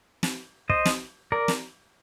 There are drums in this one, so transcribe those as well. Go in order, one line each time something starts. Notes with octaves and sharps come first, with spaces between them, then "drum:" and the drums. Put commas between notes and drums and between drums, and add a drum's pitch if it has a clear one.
drum: snare
C5 D#5, drum: kick
drum: snare
A#4 D5
drum: snare